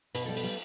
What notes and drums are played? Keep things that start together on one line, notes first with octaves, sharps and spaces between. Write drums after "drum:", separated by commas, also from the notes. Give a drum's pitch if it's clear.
B2 B4, drum: hi-hat
G3 A4
B4, drum: open hi-hat
G3